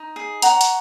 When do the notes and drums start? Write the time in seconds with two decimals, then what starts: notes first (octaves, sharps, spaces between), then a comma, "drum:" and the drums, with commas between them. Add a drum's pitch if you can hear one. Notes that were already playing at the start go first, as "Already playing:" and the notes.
Already playing: D#4
0.16 G#4
0.42 C#5 F#5 A#5, drum: hi-hat
0.61 drum: hi-hat